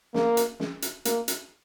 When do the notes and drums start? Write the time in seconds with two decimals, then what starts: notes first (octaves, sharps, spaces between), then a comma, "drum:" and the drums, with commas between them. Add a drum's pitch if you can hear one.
0.14 A#3, drum: snare
0.37 drum: hi-hat
0.60 drum: snare
0.82 drum: hi-hat
1.05 A#3, drum: hi-hat
1.28 drum: hi-hat